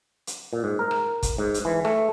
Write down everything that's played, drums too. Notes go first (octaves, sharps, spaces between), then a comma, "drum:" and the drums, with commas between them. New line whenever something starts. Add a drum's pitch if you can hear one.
drum: hi-hat
A#2
G#2
A#4
drum: rim click
drum: kick, hi-hat
G#2
drum: hi-hat
E3
A3, drum: rim click